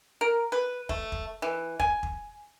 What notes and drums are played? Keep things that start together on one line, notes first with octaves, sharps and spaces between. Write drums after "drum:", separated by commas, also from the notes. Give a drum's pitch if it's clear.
A#4
B4
A3, drum: kick
drum: kick
E3
G#5, drum: kick
drum: kick